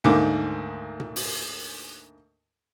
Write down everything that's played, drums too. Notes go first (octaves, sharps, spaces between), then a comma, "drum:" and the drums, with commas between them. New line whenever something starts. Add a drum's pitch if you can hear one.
D2 G#2 D#3 A#3 D6
drum: tom A#2
drum: open hi-hat